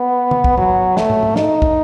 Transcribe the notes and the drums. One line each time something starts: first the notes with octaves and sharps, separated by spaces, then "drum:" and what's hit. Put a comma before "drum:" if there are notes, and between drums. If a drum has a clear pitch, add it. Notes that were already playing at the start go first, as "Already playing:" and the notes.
Already playing: B3
drum: tom
drum: kick
F#3, drum: tom
A3, drum: snare
drum: tom
drum: tom
D#4, drum: snare
drum: kick